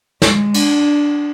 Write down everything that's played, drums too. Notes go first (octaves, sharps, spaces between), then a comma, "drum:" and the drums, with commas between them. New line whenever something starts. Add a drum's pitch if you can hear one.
G#3, drum: snare
D4, drum: cymbal